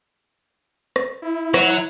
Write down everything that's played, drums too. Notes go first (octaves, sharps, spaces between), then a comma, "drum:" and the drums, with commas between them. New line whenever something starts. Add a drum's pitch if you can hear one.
drum: rim click
E4
F#3, drum: rim click